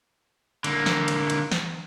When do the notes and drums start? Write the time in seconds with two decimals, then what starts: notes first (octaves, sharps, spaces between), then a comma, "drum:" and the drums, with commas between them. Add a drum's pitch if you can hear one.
0.64 D3 A#3, drum: cymbal
0.86 drum: snare
1.08 drum: cymbal
1.30 drum: cymbal
1.51 drum: snare